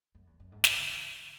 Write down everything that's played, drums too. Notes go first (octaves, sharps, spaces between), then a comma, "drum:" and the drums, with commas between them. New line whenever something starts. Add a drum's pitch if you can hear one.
F#2
E2
F#2
G#2
B2, drum: snare
C#3
E3